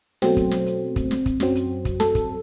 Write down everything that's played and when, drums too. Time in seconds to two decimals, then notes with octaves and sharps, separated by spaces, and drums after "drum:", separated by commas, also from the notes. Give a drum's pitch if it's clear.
0.22 B2 F#3 A3 C4, drum: snare
0.37 drum: kick, hi-hat
0.51 drum: snare
0.66 drum: hi-hat
0.96 drum: kick, hi-hat
1.11 drum: snare
1.26 drum: kick, hi-hat
1.40 F#2 F#3 C4, drum: snare
1.55 drum: hi-hat
1.85 drum: kick, hi-hat
2.00 A4, drum: snare
2.15 drum: kick, hi-hat